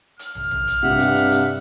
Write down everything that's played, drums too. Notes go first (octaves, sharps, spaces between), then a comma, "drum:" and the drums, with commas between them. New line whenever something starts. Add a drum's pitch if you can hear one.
F6, drum: hi-hat
drum: tom
drum: tom
drum: hi-hat
G2 C3 E5 F#5
drum: hi-hat
drum: hi-hat
drum: hi-hat